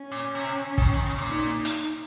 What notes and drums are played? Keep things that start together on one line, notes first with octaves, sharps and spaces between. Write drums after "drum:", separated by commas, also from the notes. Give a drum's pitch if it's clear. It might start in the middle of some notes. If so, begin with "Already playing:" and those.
Already playing: C#4
A#2
C3
D#3, drum: kick
C#3
D#3
C#3
A#2
D#4
drum: hi-hat